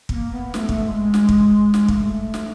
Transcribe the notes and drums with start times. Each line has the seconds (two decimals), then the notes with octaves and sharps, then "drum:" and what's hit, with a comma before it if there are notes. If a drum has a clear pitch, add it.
0.09 B3, drum: kick
0.13 A#3
0.31 B3
0.54 A3, drum: snare
0.69 A3, drum: kick
0.83 A3
0.87 G#3
1.14 drum: snare
1.29 drum: kick
1.74 drum: snare
1.88 A#3, drum: kick
1.93 A3
2.34 drum: snare